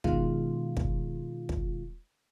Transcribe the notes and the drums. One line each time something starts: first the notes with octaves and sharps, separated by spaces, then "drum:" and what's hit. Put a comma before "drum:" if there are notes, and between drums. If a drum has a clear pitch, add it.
B2 D#3 G#3 F4, drum: kick
drum: kick
drum: kick